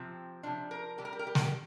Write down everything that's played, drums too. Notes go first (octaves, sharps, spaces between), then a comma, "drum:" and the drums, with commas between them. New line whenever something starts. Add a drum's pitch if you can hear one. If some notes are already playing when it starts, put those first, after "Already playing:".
Already playing: C3 F3 C4
C3 F3 D4
A#4
C3 G3 G4
A#4
G4
A#4
G4
A#4, drum: snare
G4